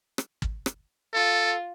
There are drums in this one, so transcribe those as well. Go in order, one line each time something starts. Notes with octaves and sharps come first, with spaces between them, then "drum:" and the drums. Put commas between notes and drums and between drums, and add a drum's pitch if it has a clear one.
drum: rim click
drum: kick
drum: rim click
F4 A4